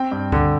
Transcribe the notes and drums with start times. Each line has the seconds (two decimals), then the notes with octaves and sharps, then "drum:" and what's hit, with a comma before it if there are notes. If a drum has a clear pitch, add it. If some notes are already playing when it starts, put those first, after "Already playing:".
Already playing: C4 G5
0.12 G2
0.32 D3, drum: kick C#2